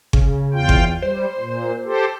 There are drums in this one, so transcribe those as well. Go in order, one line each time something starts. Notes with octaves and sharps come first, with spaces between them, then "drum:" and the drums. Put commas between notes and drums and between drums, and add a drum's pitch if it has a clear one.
C#3, drum: kick G1
E2 F4 G5
drum: kick G1
G3 C5
A#2
G4 A4 C5